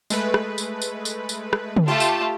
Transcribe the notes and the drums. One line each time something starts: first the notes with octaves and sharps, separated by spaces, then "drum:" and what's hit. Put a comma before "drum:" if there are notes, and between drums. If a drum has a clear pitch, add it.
G#3 A3 B4, drum: tambourine
drum: rim click
drum: tambourine
drum: tambourine
drum: tambourine
drum: tambourine
drum: rim click
drum: tom
A3 F4 G4 A5
drum: tambourine